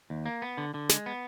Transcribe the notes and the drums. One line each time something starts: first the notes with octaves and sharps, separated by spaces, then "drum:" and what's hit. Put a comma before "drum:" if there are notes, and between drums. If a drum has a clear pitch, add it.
D#2
A#3
B3
D3
D3
G#3, drum: snare
B3